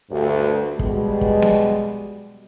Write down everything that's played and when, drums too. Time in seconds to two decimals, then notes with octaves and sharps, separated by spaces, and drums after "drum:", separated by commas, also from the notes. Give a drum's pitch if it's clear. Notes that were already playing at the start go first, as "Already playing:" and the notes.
0.10 D2 G2
0.79 B2 G3 G#3, drum: kick
1.21 drum: kick
1.42 drum: snare B3